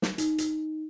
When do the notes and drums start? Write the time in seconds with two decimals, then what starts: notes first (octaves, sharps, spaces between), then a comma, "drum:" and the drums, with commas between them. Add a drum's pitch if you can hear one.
0.02 drum: snare
0.18 D#4, drum: hi-hat
0.38 drum: hi-hat